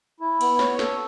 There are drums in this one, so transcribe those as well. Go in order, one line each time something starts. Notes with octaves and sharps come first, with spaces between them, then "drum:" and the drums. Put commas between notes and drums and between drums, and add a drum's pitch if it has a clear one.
E4
B3, drum: cymbal
C#5, drum: snare
A4, drum: snare